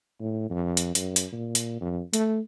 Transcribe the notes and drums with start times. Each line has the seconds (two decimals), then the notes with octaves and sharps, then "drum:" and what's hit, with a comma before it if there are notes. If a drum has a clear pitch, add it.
0.21 A2
0.50 F2
0.77 drum: hi-hat
0.95 F#2, drum: hi-hat
1.16 drum: hi-hat
1.32 A#2
1.55 drum: hi-hat
1.81 F2
2.14 A3, drum: hi-hat